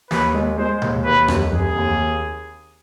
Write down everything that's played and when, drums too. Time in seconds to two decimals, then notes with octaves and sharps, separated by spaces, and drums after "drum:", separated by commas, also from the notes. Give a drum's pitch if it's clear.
0.11 D#2 B4, drum: snare
0.34 G#3
0.58 G#3 C5
0.82 D#2, drum: tom B2
1.05 D#2 B4
1.28 F1, drum: rim click
1.52 F1 G#4
1.76 D#2